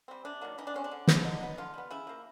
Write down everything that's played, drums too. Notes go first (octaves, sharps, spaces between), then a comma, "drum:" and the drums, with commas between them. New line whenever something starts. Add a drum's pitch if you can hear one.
G3 C4
C3 D4
D#3 F#3 A#3
E3 D#4
D4
G#3 C4 C#4
D4
D3
G3 B3, drum: snare
D3 D#4
F#3 B3
D3 F4
G3 B3
C#3 E4
F3 A#3